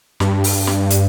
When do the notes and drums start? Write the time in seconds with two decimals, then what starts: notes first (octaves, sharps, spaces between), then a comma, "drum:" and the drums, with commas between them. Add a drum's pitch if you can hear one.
0.20 G2, drum: snare
0.44 drum: open hi-hat
0.67 drum: snare
0.90 drum: hi-hat